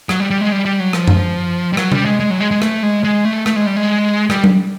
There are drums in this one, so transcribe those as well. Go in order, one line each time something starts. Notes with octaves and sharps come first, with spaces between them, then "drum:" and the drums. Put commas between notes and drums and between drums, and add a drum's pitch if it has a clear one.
F#3, drum: rim click
G3
G3
G#3
G3
G3
F#3
F3, drum: rim click
drum: tom F#2
G3
F#3, drum: rim click
G3, drum: tom C3
G#3
G#3
F#3
G#3
G#3
A3, drum: rim click
G#3
G#3
A3
A3, drum: rim click
G#3
G3
G#3
G3, drum: rim click
drum: tom F#3